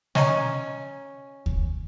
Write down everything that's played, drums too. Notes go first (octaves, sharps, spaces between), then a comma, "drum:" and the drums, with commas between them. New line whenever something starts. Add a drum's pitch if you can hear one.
C#4 D#5 G#5 A#5, drum: snare
drum: kick D2